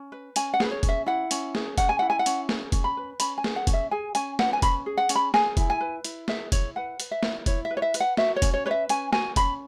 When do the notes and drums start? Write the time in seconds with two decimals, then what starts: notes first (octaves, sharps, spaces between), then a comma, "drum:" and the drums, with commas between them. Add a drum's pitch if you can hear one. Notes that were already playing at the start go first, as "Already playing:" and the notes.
Already playing: C#4
0.12 B4
0.36 C#4 G#5, drum: hi-hat
0.54 F#5
0.60 G#4 B4, drum: snare
0.71 C#5
0.83 C#4, drum: kick F1, hi-hat
0.89 E5
1.06 E4 F#5
1.31 C#4, drum: hi-hat
1.55 G#4, drum: snare
1.78 C#4 F#5, drum: kick F1, hi-hat
1.89 G#5
1.99 E4 F#5
2.10 G#5
2.19 F#5
2.26 C#4, drum: hi-hat
2.49 G#4, drum: snare
2.72 C#4, drum: kick F1, hi-hat
2.84 B5
2.97 B4
3.20 C#4 B5, drum: hi-hat
3.38 G#5
3.44 G#4, drum: snare
3.56 F#5
3.67 C#4, drum: kick F1, hi-hat
3.73 E5
3.91 G#4 G#5
4.15 C#4 G#5, drum: hi-hat
4.39 B4 F#5, drum: snare
4.53 G#5
4.62 C#4 B5, drum: kick F1, hi-hat
4.86 G#4
4.97 F#5
5.09 C#4, drum: hi-hat
5.15 B5
5.34 G#4 G#5, drum: snare
5.57 E4, drum: kick F1, hi-hat
5.70 G#5
5.80 B4
6.05 E4, drum: hi-hat
6.28 G#4 E5, drum: snare
6.52 E4 C#5, drum: kick F1, hi-hat
6.76 B4 F#5
7.00 B4, drum: hi-hat
7.11 E5
7.23 E4, drum: snare
7.46 E4 C#5, drum: kick F1, hi-hat
7.65 E5
7.70 B4
7.77 C#5
7.82 E5
7.94 B4, drum: hi-hat
8.00 F#5
8.17 F#4 E5, drum: snare
8.36 C#5
8.42 C#4, drum: kick F1, hi-hat
8.53 C#5
8.66 B4 C#5
8.71 E5
8.89 C#4 G#5, drum: hi-hat
9.13 F#4 G#5, drum: snare
9.36 C#4 B5, drum: kick F1, hi-hat